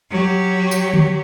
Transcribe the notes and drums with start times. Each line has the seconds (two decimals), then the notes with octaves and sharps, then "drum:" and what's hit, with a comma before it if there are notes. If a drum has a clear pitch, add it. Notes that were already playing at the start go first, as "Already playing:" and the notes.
0.10 F#3 G4
0.71 drum: tambourine
0.94 drum: tom D3